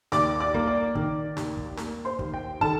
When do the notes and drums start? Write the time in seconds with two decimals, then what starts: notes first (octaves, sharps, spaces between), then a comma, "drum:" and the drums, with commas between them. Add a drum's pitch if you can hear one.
0.12 D#2 D5 D6, drum: snare
0.40 D5 D6
0.54 A#3, drum: kick
0.67 D5 D6
0.95 D#3, drum: kick
1.37 D#2, drum: snare
1.57 drum: kick
1.77 A#3, drum: snare
2.05 C5 C6
2.19 D#2, drum: kick
2.34 G5
2.61 D#3 A4 A5, drum: kick